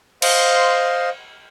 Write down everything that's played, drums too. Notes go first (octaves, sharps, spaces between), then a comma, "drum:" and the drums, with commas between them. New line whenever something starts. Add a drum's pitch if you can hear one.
C5 D#5 F5 C6, drum: cymbal